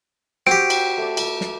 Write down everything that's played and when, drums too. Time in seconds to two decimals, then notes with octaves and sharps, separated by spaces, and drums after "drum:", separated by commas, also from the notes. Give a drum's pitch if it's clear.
0.47 C4 F#4 G4 D7, drum: snare
0.70 drum: cymbal
0.98 A3 D5
1.17 drum: cymbal
1.41 drum: snare